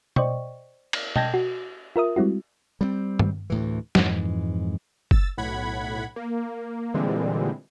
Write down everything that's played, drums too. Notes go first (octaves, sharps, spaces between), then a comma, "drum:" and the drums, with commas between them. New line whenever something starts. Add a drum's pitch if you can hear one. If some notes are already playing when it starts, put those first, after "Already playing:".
C5 D5 D#5 G5 C#6, drum: tom B2
drum: cymbal
D#5 G5 A5 G6 G#6 A#6, drum: tom B2
F#4
F4 A#4 E5 D#6
G3 G#3 C4 E4 F#4
G3 B3 C4
drum: tom G2
D2 A2 E3
F2 G#2 E3 G#3, drum: snare
E6 A6, drum: kick F#1
B1 A2 F#5 B5 G#6
A#3
A#2 D3 E3 G3 G#3 C4